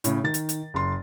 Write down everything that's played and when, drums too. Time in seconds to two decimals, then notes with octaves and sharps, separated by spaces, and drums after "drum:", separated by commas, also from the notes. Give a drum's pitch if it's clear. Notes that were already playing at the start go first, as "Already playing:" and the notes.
0.04 A2 C#3, drum: hi-hat
0.24 D#3 A6
0.34 drum: hi-hat
0.49 drum: hi-hat
0.74 F#1 C6